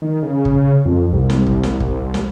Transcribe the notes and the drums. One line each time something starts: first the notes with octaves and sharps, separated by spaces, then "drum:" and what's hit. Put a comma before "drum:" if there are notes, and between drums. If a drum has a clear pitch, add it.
D#3
C#3
drum: kick
F2
C2
drum: snare
drum: kick
drum: snare
drum: kick
drum: snare